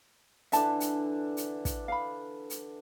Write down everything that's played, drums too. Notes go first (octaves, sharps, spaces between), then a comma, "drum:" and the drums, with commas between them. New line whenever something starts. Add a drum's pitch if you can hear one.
D3 E3 D4 E5 A5, drum: hi-hat
drum: hi-hat
drum: hi-hat
drum: kick, hi-hat
F5 B5
drum: hi-hat